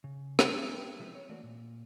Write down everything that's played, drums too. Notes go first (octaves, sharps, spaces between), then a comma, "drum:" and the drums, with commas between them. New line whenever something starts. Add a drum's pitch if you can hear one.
C#3
drum: rim click
B3 D4 A4 G5
C3 F3 G#3 C4 E4
C#5
E3 A3 A#3 F#4 A#4 D5
A#2